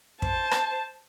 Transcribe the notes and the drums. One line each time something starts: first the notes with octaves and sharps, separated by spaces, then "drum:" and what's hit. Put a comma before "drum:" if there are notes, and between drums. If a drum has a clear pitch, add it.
C5 A5, drum: kick
drum: rim click